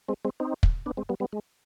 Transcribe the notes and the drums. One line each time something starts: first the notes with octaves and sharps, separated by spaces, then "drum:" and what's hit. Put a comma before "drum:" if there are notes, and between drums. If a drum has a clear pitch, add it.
G#3 C4
G#3 C4
C4 D#4
drum: kick
B3 D4
G#3 C4
G3 B3
G3 B3
G#3